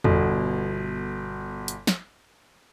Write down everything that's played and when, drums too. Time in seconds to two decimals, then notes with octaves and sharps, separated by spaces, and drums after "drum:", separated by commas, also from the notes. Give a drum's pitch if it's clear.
0.04 G1 B2, drum: tom E2
1.68 drum: hi-hat
1.87 drum: snare